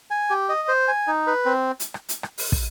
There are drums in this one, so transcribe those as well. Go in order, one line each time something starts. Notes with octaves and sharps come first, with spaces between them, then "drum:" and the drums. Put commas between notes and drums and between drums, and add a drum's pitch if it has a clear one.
G#5
G4
D#5
C5
G#5
D#4
B4
C4
drum: hi-hat
drum: rim click
drum: hi-hat
drum: rim click
drum: open hi-hat
drum: kick